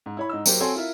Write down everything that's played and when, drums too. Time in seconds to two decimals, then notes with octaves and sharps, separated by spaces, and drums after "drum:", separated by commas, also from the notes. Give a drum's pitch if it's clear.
0.06 G#2
0.17 E4 C#5 B5
0.29 G#2 D#4 E6
0.46 F#3 A#3 G4 C5, drum: tambourine
0.60 C4 F#4 A4 C#5 G#5 C6
0.75 E4 F4 A#4 E5